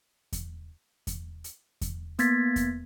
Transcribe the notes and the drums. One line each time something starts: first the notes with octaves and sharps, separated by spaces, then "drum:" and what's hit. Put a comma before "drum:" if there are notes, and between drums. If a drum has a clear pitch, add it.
drum: kick E2, hi-hat
drum: kick E2, hi-hat
drum: hi-hat
drum: kick E2, hi-hat
A#3 B3 G#6 A6 B6, drum: hi-hat
drum: kick E2, hi-hat